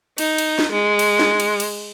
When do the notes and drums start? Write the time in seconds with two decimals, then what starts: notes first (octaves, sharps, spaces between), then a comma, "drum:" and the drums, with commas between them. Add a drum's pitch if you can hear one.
0.18 D#4, drum: cymbal
0.38 drum: cymbal
0.59 drum: snare
0.71 G#3
0.99 drum: cymbal
1.19 drum: snare
1.40 drum: cymbal
1.60 drum: cymbal